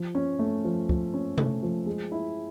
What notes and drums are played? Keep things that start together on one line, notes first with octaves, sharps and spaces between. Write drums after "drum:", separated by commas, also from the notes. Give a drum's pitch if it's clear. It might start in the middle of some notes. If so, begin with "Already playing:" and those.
Already playing: F3
C#4
A3
F3
F3, drum: kick
C#4
A3, drum: tom C3
F3
G#3
E4